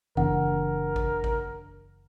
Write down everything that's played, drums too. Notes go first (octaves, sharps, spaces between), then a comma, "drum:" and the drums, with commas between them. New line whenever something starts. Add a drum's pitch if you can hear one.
F#1 E3 B3 D4 A#4 F#5, drum: kick A1
drum: kick A1
drum: kick A1